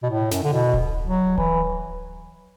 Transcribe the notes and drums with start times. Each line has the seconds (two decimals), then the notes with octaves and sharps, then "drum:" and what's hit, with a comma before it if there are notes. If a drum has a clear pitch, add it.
0.03 B2
0.10 A2
0.31 F#2, drum: snare
0.44 D3
0.52 B2
0.74 drum: kick D1
1.06 F#3
1.38 E3, drum: kick D1